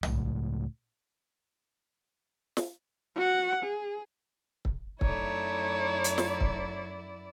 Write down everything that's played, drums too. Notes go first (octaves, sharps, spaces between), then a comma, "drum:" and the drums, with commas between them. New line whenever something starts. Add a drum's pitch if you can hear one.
C#2 A2, drum: tom
drum: snare
F#4 F#5
G#4
drum: kick
F#2 A3 D#4 E4 C#5 D5, drum: kick
drum: hi-hat
drum: snare
drum: kick